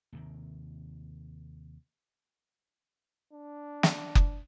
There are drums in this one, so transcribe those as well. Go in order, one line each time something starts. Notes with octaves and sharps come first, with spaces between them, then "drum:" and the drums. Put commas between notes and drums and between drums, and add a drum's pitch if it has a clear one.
D#2 C3 D#3
D4
drum: snare
drum: kick F#1